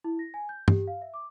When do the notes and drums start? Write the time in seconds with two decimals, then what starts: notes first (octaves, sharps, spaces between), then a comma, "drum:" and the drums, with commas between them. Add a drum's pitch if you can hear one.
0.04 E4
0.19 A#6
0.34 G#5
0.49 G6
0.68 G4, drum: tom G2
0.87 F5
1.02 E5
1.14 D6